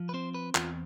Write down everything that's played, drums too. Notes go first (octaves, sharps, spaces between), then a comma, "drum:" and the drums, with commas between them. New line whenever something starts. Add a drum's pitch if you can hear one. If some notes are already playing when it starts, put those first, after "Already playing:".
Already playing: F3
B4
C4 C5
B4
E2 F4, drum: clap